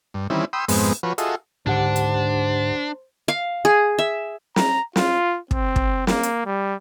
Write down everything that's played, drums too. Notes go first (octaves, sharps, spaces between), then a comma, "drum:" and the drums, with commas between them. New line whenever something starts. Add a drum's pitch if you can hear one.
G2
D#3 E3 G3 C4 C#4 E4
G5 B5 C6 D#6 E6
F2 G#2 G#3 B3 C4, drum: open hi-hat
F3 F#4 B4 C#5
F4 F#4 G#4 A4 D#5 E5, drum: hi-hat
C#2 G#2 D3 D4 G4 C5 F#5
drum: hi-hat
F5
G#4
E5
A#5, drum: snare
F4, drum: snare
C4, drum: kick
drum: kick
A#3, drum: snare
drum: hi-hat
G3